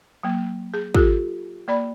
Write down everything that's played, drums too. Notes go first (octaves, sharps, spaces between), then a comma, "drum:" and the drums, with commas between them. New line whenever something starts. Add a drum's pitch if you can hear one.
F#3 A#3
G#4
F4 G4 A4, drum: kick
A#3 D5 B5